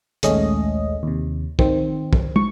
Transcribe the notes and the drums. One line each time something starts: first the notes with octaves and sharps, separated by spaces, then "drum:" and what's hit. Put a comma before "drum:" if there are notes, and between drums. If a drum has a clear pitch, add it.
A#1 D#2 G#3 A3 C#4 D#5, drum: hi-hat
D#2 C3
D#3 C4, drum: kick
drum: kick
C#6, drum: tom